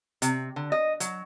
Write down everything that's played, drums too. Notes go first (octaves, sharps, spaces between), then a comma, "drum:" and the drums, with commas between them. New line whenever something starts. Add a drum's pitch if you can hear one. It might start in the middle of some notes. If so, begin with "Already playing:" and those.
C3, drum: hi-hat
D3
D#5
F#3, drum: hi-hat